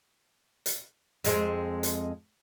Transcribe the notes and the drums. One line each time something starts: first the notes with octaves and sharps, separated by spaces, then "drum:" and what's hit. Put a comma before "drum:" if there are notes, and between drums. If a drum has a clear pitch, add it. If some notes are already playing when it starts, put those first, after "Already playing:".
drum: hi-hat
F2 G#3 C4, drum: hi-hat
drum: hi-hat